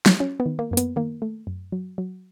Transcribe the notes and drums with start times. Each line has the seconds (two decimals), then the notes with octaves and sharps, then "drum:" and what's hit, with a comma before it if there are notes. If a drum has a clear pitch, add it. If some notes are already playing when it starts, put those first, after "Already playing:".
0.06 drum: snare
0.20 F#3 C#4
0.40 B3
0.46 D#3
0.59 A#3
0.71 F#2 A#3
0.77 B3, drum: hi-hat
0.96 D#3 A#3
1.22 A3
1.47 F#2
1.72 F#3
1.98 F#3